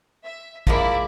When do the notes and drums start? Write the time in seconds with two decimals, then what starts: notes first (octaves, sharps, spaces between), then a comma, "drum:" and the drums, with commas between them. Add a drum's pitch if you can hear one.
0.24 E5
0.67 F3 G#3 A#3 E4 D5, drum: kick